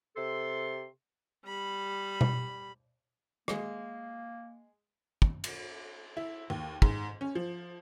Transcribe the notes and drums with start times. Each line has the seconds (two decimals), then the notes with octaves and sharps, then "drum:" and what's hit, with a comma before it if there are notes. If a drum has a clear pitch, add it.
0.16 C3 A4 C6
1.45 G3 B5
2.21 drum: tom B2
3.48 G#3 A#3, drum: rim click
5.22 drum: kick
5.44 drum: cymbal
6.17 E4
6.50 D#2
6.82 G#2, drum: kick
7.21 C#4
7.35 F3